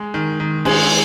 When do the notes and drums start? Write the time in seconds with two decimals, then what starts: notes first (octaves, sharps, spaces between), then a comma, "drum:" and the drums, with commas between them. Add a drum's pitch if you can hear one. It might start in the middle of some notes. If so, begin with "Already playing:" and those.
Already playing: G#3
0.14 D#3
0.40 D#3
0.65 G#3, drum: cymbal